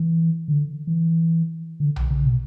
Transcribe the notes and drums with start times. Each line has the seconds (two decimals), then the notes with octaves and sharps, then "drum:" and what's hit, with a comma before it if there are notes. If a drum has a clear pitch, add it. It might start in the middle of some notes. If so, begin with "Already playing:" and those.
Already playing: E3
0.48 D3
0.87 E3
1.80 D3
1.96 drum: tom B1
2.11 C#3
2.24 B2